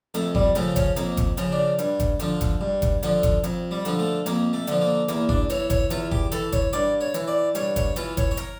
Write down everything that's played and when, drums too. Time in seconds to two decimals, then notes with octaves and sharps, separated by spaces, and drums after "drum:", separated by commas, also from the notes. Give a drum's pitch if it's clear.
0.14 F2 A3, drum: hi-hat
0.35 G3, drum: kick G1
0.55 C#3 F3 A3, drum: hi-hat
0.76 C#4, drum: kick G1, hi-hat
0.96 F2 A#3, drum: hi-hat
1.17 drum: kick G1, hi-hat
1.37 C#3 F3, drum: hi-hat
1.52 D4
1.79 G2, drum: hi-hat
2.00 drum: kick G1, hi-hat
2.20 D3 F3, drum: hi-hat
2.41 drum: kick G1, hi-hat
2.61 G2
2.82 drum: kick G1, hi-hat
3.03 D3 F3, drum: hi-hat
3.23 drum: kick G1, hi-hat
3.44 F2, drum: hi-hat
3.71 G3
3.85 D3 F3, drum: hi-hat
3.99 A3
4.26 F2 A#3, drum: hi-hat
4.53 A3
4.67 D3 F3, drum: hi-hat
4.81 A#3
5.08 E2 A#3, drum: hi-hat
5.29 D4, drum: kick G1
5.50 E3 C#5, drum: hi-hat
5.70 C#5, drum: kick G1, hi-hat
5.90 E2 F4, drum: hi-hat
6.11 G4, drum: kick G1
6.32 E3 A4, drum: hi-hat
6.52 C#5, drum: kick G1, hi-hat
6.73 G2 D5, drum: hi-hat
7.01 C#5
7.14 E3, drum: hi-hat
7.28 D5
7.55 G2 C#5, drum: hi-hat
7.76 C#5, drum: kick G1, hi-hat
7.96 E3 F4, drum: hi-hat
8.17 C#5, drum: kick G1, hi-hat
8.31 C#5
8.37 A#4, drum: hi-hat